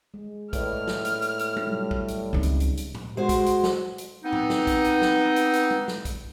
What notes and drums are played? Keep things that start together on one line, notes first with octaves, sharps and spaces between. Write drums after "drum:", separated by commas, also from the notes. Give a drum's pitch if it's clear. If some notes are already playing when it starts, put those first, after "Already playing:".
G#3
A2 B4 D5 D#5 F6, drum: kick, hi-hat
drum: snare
drum: hi-hat
drum: hi-hat
drum: hi-hat
drum: tom
C3 F#3 G3
drum: kick
drum: hi-hat
C#2 G#3 C4 D#4
drum: hi-hat
drum: hi-hat
drum: hi-hat
drum: tom A2
G#3 F#4 C5
drum: kick, hi-hat
drum: hi-hat
drum: snare
drum: hi-hat
B3 C4 D#4
drum: tom A2
drum: snare
drum: kick, hi-hat
drum: hi-hat
drum: snare
drum: hi-hat
drum: hi-hat
drum: tom
drum: snare
drum: kick, hi-hat